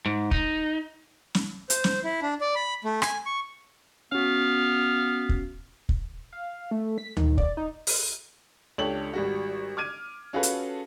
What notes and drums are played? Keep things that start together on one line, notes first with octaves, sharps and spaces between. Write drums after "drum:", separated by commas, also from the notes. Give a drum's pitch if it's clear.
G#2
D#4, drum: kick
drum: snare
C5, drum: hi-hat
drum: snare
E4
D4
D5
B5
A3
G#5, drum: rim click
C#6
B3 C#4 F#4 F5
drum: kick
drum: kick
F5
A3
B6
D#3, drum: tom D2
D5, drum: kick
D#4
drum: open hi-hat
C#2 D4 G4 A4 C#5 F#7
G#1 G3 F#4
D6 F6 G#6 D#7
C#4 F4 F#4 G#4 A4 B4
drum: hi-hat